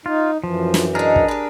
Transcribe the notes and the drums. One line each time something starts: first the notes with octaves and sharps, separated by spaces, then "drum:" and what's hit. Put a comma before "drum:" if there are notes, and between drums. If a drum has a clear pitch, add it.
D#4 F4
F#2 E3 F3
drum: snare
G#3 D4 D#4 G#4 A#4
drum: kick
G4 B4